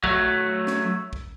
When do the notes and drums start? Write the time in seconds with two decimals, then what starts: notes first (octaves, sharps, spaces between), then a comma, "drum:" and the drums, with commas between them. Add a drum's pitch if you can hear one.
0.04 F#3 A3, drum: kick
0.67 drum: snare
1.13 drum: kick